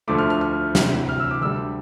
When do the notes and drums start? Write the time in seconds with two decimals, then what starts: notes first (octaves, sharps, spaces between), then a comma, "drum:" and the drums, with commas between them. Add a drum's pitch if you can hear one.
0.08 D2 D3 F3 A3 D6
0.18 F6
0.30 F6
0.41 F6
0.75 D2 C3 E3, drum: snare
1.09 F6
1.20 E6
1.31 D6
1.42 D2 D3 G3 E6